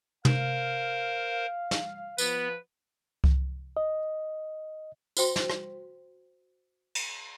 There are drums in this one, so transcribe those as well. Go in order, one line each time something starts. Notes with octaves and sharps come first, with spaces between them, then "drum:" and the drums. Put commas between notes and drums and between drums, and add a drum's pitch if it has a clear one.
A#4 C5 F5, drum: tom
drum: snare
F3 B3 B4, drum: tambourine
drum: kick C2
D#5
F#4 C5 G5 C6, drum: tambourine
drum: snare
drum: rim click
drum: cymbal